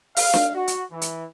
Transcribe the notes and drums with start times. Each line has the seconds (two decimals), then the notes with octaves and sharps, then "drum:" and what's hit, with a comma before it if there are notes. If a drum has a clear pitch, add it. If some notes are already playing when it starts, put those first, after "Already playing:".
0.17 F5, drum: open hi-hat
0.34 drum: snare D4
0.55 F#4
0.68 drum: hi-hat
0.92 E3
1.02 drum: hi-hat